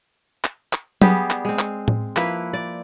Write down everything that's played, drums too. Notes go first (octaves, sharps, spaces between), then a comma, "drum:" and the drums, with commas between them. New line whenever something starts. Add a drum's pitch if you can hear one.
drum: clap
drum: clap
G3 B3 G4 G#4, drum: tom F#3
drum: clap
G#3 C4
drum: clap
drum: tom A2
F3 A#3 E4 B4, drum: clap
D5